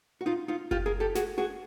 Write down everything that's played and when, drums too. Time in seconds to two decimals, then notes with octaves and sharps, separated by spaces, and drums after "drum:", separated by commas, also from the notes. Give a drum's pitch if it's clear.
0.21 F#4
0.26 D#4 F4
0.48 D#4 F4
0.71 F4 G4, drum: kick F#1
0.86 G#4 A#4
1.00 G4 A4
1.15 F#4 G#4, drum: snare
1.38 F#4 G#4